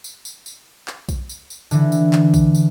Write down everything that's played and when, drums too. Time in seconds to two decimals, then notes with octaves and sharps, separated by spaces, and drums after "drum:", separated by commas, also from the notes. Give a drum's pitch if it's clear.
0.04 drum: tambourine
0.25 drum: tambourine
0.46 drum: tambourine
0.88 drum: clap
1.09 drum: kick A#1, tambourine
1.29 drum: tambourine
1.50 drum: tambourine
1.71 D3 E3, drum: tambourine
1.92 drum: tambourine
2.13 drum: clap
2.34 drum: kick A#1, tambourine
2.55 drum: tambourine